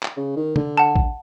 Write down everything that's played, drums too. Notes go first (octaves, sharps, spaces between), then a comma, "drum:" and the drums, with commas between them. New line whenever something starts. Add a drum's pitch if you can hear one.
drum: clap
C#3
D#3
D3, drum: tom
F#5 A5
drum: kick A#1